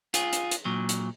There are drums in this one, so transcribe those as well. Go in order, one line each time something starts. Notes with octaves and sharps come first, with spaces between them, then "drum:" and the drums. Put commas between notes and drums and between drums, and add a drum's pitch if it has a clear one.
F4 G#4, drum: hi-hat
drum: hi-hat
drum: hi-hat
A#2 F#3
drum: hi-hat